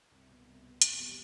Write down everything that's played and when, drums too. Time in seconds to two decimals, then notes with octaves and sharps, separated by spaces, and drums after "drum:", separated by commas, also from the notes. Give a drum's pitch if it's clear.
0.11 C2
0.29 B2 B3
0.47 C2
0.64 B2 B3
0.82 F1, drum: hi-hat
0.99 E2 B2 G3